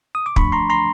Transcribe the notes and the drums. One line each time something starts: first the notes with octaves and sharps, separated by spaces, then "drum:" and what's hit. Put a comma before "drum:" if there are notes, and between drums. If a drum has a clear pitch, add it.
D#6
D6
F3 A3 D4 B5 C#6, drum: kick
A#5 C6
A#5 C6